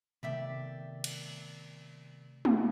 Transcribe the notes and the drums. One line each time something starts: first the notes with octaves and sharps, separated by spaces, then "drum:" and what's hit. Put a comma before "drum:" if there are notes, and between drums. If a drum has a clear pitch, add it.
C3 D#3 A3 B3 D5 E5 G5
drum: cymbal
drum: tom G#3